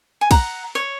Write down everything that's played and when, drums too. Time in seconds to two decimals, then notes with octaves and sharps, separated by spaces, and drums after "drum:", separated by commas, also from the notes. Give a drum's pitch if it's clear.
0.21 G#5
0.31 F#5 A#5, drum: kick, cymbal
0.75 C#5